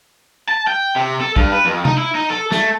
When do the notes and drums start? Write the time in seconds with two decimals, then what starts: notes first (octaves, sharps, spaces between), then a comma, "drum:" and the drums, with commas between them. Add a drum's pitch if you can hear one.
0.48 A5
0.67 G5
0.96 C3
1.21 A4
1.36 G2, drum: kick A#1
1.52 B4
1.65 F2
1.85 D#4, drum: tom C3
1.98 E4
2.15 D#4
2.30 A4
2.52 A3, drum: snare